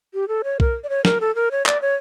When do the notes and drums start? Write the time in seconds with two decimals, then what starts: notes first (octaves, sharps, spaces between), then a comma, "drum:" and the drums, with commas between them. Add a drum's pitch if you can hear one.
0.14 G4
0.28 A4
0.44 C#5
0.60 A#4, drum: kick B1
0.84 D5
0.89 C#5
1.05 A#4, drum: snare
1.21 A4
1.35 A#4
1.51 C#5
1.66 D5, drum: clap
1.82 C#5